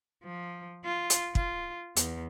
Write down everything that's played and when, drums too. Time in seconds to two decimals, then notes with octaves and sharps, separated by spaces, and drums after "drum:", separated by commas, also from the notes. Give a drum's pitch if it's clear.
0.24 F3
0.85 F4
1.10 drum: hi-hat
1.35 F4, drum: kick
1.96 E2, drum: hi-hat